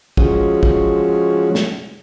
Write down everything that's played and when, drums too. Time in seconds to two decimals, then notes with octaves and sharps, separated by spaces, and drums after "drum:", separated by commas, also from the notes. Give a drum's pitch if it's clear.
0.17 F3 G#3 C#4 F#4, drum: kick
0.63 drum: kick
1.55 drum: snare